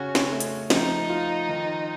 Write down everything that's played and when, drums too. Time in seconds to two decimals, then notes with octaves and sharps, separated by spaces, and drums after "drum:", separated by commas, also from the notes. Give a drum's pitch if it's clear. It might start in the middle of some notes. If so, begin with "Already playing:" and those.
Already playing: C#3 C#4 F#4
0.15 drum: snare
0.31 A3
0.40 drum: hi-hat
0.70 F3 D#4, drum: snare
1.09 F4
1.49 D#3